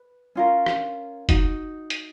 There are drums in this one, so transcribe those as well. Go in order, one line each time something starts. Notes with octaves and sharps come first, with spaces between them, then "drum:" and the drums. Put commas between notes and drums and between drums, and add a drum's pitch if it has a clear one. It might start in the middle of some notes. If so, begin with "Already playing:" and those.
Already playing: B4
C#4 F4 A#4
drum: rim click
D#4 F#4, drum: kick, hi-hat
drum: hi-hat